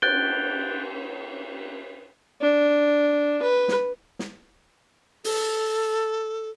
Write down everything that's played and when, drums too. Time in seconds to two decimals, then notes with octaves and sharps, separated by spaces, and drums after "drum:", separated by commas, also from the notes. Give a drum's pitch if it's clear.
0.02 F#6 G6 A6 D7 G7, drum: cymbal
2.41 D4
3.42 B4
3.68 drum: snare
4.19 drum: snare
5.24 A4, drum: open hi-hat